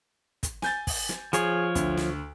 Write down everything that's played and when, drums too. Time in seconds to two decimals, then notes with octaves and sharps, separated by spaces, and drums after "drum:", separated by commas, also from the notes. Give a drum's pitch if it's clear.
0.43 drum: kick, hi-hat
0.62 G#5 G6 A6, drum: snare
0.87 drum: kick, open hi-hat
1.09 drum: snare
1.33 F3 G#4 C#5, drum: hi-hat
1.75 D2, drum: kick, hi-hat
1.97 drum: snare